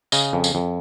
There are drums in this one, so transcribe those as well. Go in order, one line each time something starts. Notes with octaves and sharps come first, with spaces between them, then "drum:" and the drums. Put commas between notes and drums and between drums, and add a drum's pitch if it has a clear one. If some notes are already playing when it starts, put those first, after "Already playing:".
C#3 D#5, drum: tambourine
F2
drum: tambourine
F2